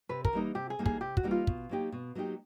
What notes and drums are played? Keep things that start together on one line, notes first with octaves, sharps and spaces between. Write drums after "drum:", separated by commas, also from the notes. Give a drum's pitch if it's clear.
C3 B4
A#4, drum: kick
E3 G3 A#3 D#4
C3 G4
G#4
E3 G3 A#3 D#4
G#4, drum: kick
C3 G4
F#4, drum: kick
E3 G3 A#3 D#4
F4
B2, drum: kick
F#3 A#3 D#4 G4
B2
F#3 A#3 D#4 G4